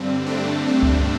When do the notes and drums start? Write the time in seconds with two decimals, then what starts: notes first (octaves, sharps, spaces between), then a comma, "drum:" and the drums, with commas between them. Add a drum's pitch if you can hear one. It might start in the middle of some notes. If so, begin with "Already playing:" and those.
Already playing: G2 D3 G3 C4
0.26 A3 D4
0.68 G3 C4
0.83 drum: kick